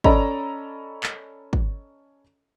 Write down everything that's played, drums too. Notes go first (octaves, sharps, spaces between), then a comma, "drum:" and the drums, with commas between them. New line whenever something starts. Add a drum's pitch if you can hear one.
C#4 A4 D5 D#5 A#5 B5, drum: kick
drum: clap
drum: kick